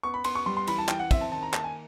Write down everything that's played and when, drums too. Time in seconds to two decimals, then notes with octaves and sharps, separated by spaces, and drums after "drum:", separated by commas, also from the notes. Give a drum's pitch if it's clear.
0.03 B3 C#6
0.14 B5
0.24 B3 C6, drum: cymbal
0.35 C#6
0.46 G3 C6
0.57 C6
0.67 E3 B5, drum: cymbal
0.78 A5
0.89 E3 G5, drum: clap
0.99 F#5
1.11 C4 E5, drum: kick, cymbal
1.21 A5
1.32 D#3 A5
1.43 A#5
1.54 A#3 A5, drum: clap
1.64 G#5